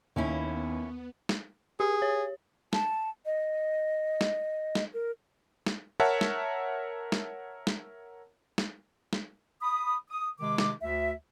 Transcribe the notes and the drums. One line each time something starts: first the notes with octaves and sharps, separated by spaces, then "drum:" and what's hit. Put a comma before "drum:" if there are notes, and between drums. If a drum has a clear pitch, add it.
D#2 A#3 B3 C#4 E4
drum: snare
G4 G#4
C#5
A5, drum: snare
D#5
drum: snare
drum: snare
A#4
drum: snare
A#4 C#5 E5 F#5 A5
drum: snare
drum: snare
drum: snare
drum: snare
drum: snare
B5 D#6
D#6
C3 D#3 G#3 D6
drum: snare
D2 E5